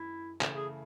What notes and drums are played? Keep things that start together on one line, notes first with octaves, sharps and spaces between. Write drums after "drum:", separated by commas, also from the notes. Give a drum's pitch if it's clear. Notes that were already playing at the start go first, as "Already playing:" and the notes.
Already playing: F#2 D#3 G#3 C#4 E4
C#3 E3 A3 E4 A4, drum: clap
G#4